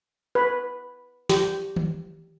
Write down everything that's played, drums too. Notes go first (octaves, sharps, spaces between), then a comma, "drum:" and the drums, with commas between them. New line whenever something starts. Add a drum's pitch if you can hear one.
B4
G4, drum: snare
drum: tom D#3